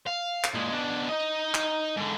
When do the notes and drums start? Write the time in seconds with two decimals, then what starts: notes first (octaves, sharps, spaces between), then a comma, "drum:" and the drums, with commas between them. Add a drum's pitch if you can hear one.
0.07 F5
0.44 drum: clap
0.54 A#2 G#3
0.72 B2 D4
1.09 D#4 D#5
1.55 drum: clap
1.97 G#2 D3